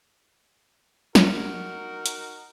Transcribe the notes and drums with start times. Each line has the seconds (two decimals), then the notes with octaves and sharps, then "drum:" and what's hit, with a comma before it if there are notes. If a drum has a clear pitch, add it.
1.15 D#4 F#4 A#4, drum: snare
2.06 drum: hi-hat